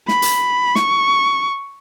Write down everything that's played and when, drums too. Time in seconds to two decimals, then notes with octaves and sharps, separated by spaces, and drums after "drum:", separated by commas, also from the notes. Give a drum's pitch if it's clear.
0.08 B5, drum: snare
0.22 drum: hi-hat
0.75 C#6, drum: snare